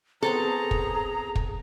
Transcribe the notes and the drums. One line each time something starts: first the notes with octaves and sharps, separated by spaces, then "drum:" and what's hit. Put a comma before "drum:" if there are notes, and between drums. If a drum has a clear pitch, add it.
B3 C4 G#4 A4 C#5 A#5
drum: kick
drum: kick